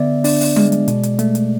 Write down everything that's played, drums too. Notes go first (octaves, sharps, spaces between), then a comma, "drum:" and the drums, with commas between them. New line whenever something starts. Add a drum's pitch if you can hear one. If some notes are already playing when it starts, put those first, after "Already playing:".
Already playing: D3 B3 D5 E5
D4 D5, drum: open hi-hat
drum: open hi-hat
G#3, drum: tom G3
drum: hi-hat
B2, drum: hi-hat
drum: hi-hat
A3, drum: hi-hat
drum: hi-hat